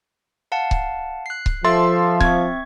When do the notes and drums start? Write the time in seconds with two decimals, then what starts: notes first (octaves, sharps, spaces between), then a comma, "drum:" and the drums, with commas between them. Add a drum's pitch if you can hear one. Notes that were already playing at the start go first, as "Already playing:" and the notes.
0.52 F5 F#5 A5
0.71 drum: kick C#1
1.26 F#6 C7
1.46 drum: kick C#1
1.65 F3 A4 E5 C6 A6
2.20 C4 E5 C#6 G#6, drum: kick C#1